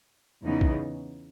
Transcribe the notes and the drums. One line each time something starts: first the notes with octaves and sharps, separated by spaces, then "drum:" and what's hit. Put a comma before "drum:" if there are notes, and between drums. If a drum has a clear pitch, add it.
E2 C#3 E3 B3 D#4
drum: kick